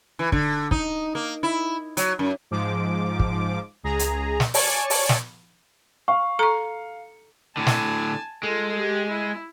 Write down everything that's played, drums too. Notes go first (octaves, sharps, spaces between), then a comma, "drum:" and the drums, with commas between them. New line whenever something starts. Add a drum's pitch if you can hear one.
E3
D3, drum: kick
D#4, drum: kick
A#3
E4
F#3, drum: hi-hat
F#2
G#2 F3 D6
drum: kick
C#2 G#4 A#5
drum: hi-hat
drum: snare
C#5 D5 G#5 A5 C#6, drum: open hi-hat
drum: open hi-hat
drum: snare
F5 C#6
A4 A#5 C#6 C#7
A2 D3 G#5 A5
drum: snare
G#3 F4 A4
G4
E4